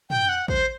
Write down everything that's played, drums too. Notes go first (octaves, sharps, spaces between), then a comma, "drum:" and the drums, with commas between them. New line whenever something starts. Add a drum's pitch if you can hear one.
G5, drum: tom
F#5
C5, drum: kick A1